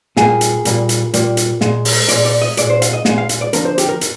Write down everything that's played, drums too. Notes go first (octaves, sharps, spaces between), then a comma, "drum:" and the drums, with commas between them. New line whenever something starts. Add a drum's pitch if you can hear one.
A#2 G3 A#3 G#4, drum: snare
drum: hi-hat
A#2 G3 A#3, drum: hi-hat
drum: hi-hat
A#2 G3 A#3, drum: hi-hat
drum: hi-hat
A#2 G#3, drum: snare
drum: open hi-hat
A#2 G#3 D5, drum: hi-hat
D5
D#5
A#2 G#3 D5, drum: hi-hat
C5
F5, drum: hi-hat
D#5
A#2 G#3, drum: snare
F5
drum: hi-hat
D5
D3 F3 A#3 A#4, drum: hi-hat
C5
G4, drum: hi-hat
A#4
drum: hi-hat